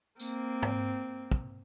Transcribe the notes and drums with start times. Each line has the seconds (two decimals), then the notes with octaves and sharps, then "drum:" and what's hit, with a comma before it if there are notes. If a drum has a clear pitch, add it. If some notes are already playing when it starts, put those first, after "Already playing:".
0.20 A#3 C4, drum: tambourine
0.62 drum: tom
1.31 drum: kick